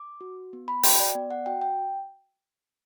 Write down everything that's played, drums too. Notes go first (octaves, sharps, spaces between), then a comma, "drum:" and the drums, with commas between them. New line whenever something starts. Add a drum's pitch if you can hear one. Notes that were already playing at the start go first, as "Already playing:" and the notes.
Already playing: D6
F#4
B3
B5
F#4 G5, drum: open hi-hat
D5
B3 D5
F#5
F#4 G5
G5